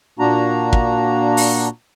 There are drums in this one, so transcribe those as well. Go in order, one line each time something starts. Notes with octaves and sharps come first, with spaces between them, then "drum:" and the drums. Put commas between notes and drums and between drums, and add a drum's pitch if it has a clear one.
A#2 A#3 D4 F#4 A#5
drum: kick
drum: open hi-hat